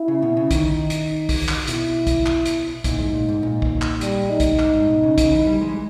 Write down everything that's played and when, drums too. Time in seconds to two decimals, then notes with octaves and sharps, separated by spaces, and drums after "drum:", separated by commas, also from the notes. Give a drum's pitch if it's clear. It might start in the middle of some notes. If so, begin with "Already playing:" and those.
Already playing: E4
0.08 C#3
0.22 B2
0.37 C#3
0.51 D#3 D#4, drum: kick, hi-hat
0.90 drum: hi-hat
1.29 drum: kick, open hi-hat
1.48 drum: clap
1.67 B2 E4, drum: hi-hat
2.07 drum: kick, hi-hat
2.26 drum: clap
2.46 drum: hi-hat
2.84 A#2 D#4, drum: kick, hi-hat
2.99 G#2
3.14 A#2
3.28 G#2
3.43 A#2
3.62 drum: kick
3.82 drum: clap
4.01 G3, drum: hi-hat
4.30 D#4
4.40 drum: kick, hi-hat
4.59 G#2, drum: clap
4.74 G#2
4.89 B2
5.03 C#3
5.18 C#3, drum: kick, hi-hat
5.32 E3
5.47 G3
5.61 G#3
5.69 E3